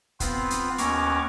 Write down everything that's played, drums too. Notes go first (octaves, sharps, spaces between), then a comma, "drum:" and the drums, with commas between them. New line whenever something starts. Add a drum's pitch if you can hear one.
B3 C4 F4 B4, drum: kick, hi-hat
drum: hi-hat
D#2 B3 C#4 A#5 C#6 D6, drum: hi-hat